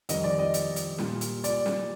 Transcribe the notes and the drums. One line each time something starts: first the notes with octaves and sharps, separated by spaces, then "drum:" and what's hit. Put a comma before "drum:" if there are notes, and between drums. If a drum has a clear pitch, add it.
F2 D#3 G3 D#5, drum: hi-hat
D5
D#5
drum: hi-hat
drum: hi-hat
A#2 G3, drum: snare
drum: hi-hat
D5, drum: hi-hat
drum: snare